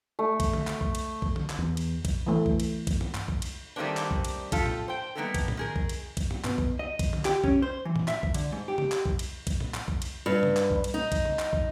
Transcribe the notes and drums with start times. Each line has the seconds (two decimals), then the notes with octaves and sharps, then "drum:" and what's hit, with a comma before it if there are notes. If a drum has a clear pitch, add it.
0.19 A3
0.40 drum: kick, cymbal
0.53 drum: tom D3
0.67 drum: clap
0.81 drum: kick
0.95 drum: cymbal
1.22 drum: kick
1.36 drum: tom D3
1.50 drum: clap
1.59 E2
1.77 drum: cymbal
2.05 drum: kick, cymbal
2.27 E3 A3
2.46 drum: kick
2.60 drum: cymbal
2.87 drum: kick, cymbal
3.01 drum: tom G2
3.15 drum: clap
3.28 drum: kick
3.42 drum: cymbal
3.76 D#3 G3 A3 A#3 C4 D4
3.97 drum: clap
4.11 drum: kick
4.25 drum: cymbal
4.52 F4 G4 A4, drum: kick, cymbal
4.66 drum: tom A2
4.88 C5 G5
5.15 G3 A#3 B3 D#4 E4 A4
5.34 drum: kick, cymbal
5.48 drum: tom A2
5.57 D#3 G#4 A#4
5.76 drum: kick
5.89 drum: cymbal
6.17 drum: kick, cymbal
6.31 drum: tom G2
6.44 B2, drum: clap
6.58 drum: kick
6.79 D#5
6.99 drum: kick, cymbal
7.13 drum: tom D3
7.25 G4, drum: clap
7.44 C#4, drum: kick
7.62 C5
7.85 E3
7.96 drum: tom A2
8.08 E5, drum: clap
8.23 drum: kick
8.34 D3, drum: cymbal
8.52 G#2
8.68 G4
8.78 drum: tom C#3
8.92 drum: clap
9.06 drum: kick
9.19 drum: cymbal
9.47 drum: kick, cymbal
9.60 drum: tom A2
9.74 drum: clap
9.88 drum: kick
10.02 drum: cymbal
10.26 G2
10.43 drum: tom C#3
10.57 drum: clap
10.70 drum: kick
10.84 drum: cymbal
10.94 D#4
11.12 drum: kick, cymbal
11.25 drum: tom C#3
11.39 drum: clap
11.53 drum: kick